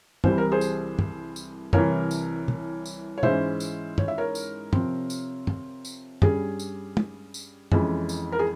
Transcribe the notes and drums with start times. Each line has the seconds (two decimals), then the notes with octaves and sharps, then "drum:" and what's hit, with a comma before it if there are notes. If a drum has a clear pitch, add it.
0.24 C2 C3 E3 G3 C5, drum: tom
0.38 A#4
0.52 G#4 C5
0.61 drum: tambourine
0.99 drum: tom
1.36 drum: tambourine
1.73 C2 C3 E3 A#4 C#5, drum: tom
2.11 drum: tambourine
2.48 drum: tom
2.86 drum: tambourine
3.18 C#5
3.23 G#2 E3 G#3 C#4 C5 E5, drum: tom
3.60 drum: tambourine
3.98 C#5, drum: tom
4.08 E5
4.18 A#4 C#5
4.35 drum: tambourine
4.73 C3 F3 C4, drum: tom
5.10 drum: tambourine
5.47 drum: tom
5.85 drum: tambourine
6.22 G2 G3 C#4 G#4, drum: tom
6.59 drum: tambourine
6.97 drum: tom
7.34 drum: tambourine
7.72 F2 E3 G#3 C#4, drum: tom
8.09 drum: tambourine
8.32 A#4
8.39 G#4